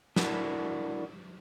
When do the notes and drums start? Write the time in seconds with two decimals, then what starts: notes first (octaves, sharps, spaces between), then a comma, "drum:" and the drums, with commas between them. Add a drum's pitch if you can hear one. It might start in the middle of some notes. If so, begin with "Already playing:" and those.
0.16 D4 E4 F#4 A4 A#4, drum: snare